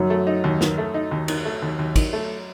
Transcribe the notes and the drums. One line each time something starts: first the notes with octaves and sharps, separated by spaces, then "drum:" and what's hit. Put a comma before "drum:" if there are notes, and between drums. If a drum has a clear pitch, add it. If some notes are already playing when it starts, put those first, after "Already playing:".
Already playing: F#2 D#3 F#3
A3
D#4
D#2
D#3, drum: snare
A3
D#4
D#2
D#3, drum: cymbal
A3
D#2
D#2
D#3, drum: kick, cymbal
A3